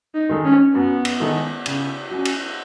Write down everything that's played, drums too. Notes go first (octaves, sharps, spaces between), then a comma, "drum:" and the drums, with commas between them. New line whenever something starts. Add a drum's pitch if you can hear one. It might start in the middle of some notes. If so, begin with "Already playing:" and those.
D#4
D#3 G#3 D#4 A4
C#4
F#2 B3
drum: cymbal
D#3 G#3 D#4 A4
C#3, drum: cymbal
F#3 C#4
drum: cymbal